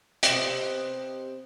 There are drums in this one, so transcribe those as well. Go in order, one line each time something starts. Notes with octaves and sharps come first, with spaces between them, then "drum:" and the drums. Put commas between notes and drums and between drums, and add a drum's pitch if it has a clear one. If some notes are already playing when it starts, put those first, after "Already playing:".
C3 B3 C4 D#5, drum: hi-hat